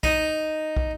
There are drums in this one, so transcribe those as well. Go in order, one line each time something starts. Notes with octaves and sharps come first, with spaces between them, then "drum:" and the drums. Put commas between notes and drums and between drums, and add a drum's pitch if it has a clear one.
D#4, drum: kick
drum: kick